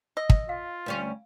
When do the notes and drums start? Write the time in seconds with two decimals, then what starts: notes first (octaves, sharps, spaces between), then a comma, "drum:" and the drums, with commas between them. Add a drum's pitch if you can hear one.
0.17 D#5 E6
0.30 drum: kick
0.49 F4 F5
0.86 D2 G3 C#4